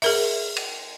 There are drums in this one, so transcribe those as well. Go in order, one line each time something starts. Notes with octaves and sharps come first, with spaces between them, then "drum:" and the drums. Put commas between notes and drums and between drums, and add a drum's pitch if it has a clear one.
G#4 A#4 E5, drum: open hi-hat
drum: cymbal